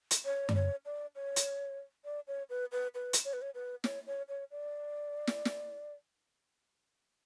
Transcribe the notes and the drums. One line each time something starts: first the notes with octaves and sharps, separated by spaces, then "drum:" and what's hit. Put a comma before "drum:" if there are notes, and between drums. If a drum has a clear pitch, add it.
drum: hi-hat
C#5
D5, drum: tom F#2
C#5
D5
C#5
drum: hi-hat
D5
C#5
B4
B4
B4
drum: hi-hat
C#5
B4
C#5
B4
C#5, drum: snare
C#5
C#5
D5
drum: snare
drum: snare